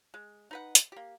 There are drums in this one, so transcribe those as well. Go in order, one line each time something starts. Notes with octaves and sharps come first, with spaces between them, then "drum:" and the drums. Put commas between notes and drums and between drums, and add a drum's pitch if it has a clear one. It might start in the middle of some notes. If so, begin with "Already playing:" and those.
G#3
D#4 B4 F#5
drum: hi-hat
A#3 G4